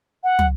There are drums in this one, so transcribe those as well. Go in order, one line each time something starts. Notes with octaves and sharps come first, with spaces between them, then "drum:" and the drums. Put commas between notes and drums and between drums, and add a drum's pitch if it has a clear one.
F#5
drum: tom